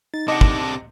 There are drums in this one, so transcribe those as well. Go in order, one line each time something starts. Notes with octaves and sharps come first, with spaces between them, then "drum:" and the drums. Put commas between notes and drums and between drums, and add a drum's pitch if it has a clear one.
D#4 A6
C3 D4 D#5 F#5 A5 D6 A#6
drum: kick